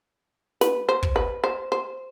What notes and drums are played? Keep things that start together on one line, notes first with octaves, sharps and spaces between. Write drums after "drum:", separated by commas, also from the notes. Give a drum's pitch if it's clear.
B4, drum: snare
C5
drum: kick
B4
C5
C5